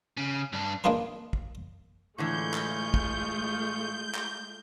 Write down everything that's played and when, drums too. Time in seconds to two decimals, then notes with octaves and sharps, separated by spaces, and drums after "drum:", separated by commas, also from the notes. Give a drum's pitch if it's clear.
0.17 C#3
0.53 G2 D4
0.84 A#3 D4 D#4 F4 G#4 B4
1.33 drum: kick
2.18 A2 D3 E3 G#3 A3 F4 C#6 G6
2.54 drum: clap
2.94 drum: kick
4.14 drum: clap